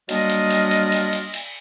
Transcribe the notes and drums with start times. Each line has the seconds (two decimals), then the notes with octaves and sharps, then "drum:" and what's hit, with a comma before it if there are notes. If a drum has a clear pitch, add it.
0.09 F#3 G3 A#3 D4 F4 D#5, drum: cymbal
0.30 drum: cymbal
0.50 drum: cymbal
0.71 drum: cymbal
0.92 drum: cymbal
1.13 drum: cymbal
1.34 drum: cymbal